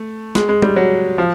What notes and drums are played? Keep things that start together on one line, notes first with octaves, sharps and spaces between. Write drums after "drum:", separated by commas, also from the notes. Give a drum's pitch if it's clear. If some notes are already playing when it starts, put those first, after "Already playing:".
Already playing: A3
G#3, drum: snare
G#3
G3, drum: tom G3
F#3
F3